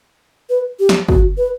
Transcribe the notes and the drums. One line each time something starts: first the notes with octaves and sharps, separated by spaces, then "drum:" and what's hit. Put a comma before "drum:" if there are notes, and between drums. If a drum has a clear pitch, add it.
B4
G4
drum: snare
F#4, drum: kick
B4